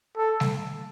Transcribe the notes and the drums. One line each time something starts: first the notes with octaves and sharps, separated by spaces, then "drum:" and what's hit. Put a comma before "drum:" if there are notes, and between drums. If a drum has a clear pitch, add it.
A4
drum: snare G3